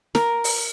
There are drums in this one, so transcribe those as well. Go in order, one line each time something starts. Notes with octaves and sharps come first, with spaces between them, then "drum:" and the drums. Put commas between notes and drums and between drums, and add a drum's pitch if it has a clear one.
A#4, drum: snare
drum: open hi-hat